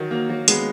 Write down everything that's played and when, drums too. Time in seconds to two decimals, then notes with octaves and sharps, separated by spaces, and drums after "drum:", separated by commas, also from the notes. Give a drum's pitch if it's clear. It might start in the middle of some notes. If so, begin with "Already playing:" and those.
Already playing: D#3 F#3
0.11 F#3 A#3
0.29 F#3 A#3
0.48 G#3 B3, drum: hi-hat